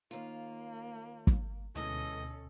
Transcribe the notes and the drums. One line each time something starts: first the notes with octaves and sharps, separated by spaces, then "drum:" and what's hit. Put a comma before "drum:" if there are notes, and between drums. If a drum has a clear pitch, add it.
D#2 A#3 F4
drum: kick
D2 B2 E3 G#3 C#4 A4 D#5